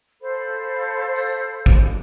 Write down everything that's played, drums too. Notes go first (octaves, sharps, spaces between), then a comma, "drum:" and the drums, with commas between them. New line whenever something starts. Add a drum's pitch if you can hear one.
A4 C5 F5 B5
drum: tambourine
drum: kick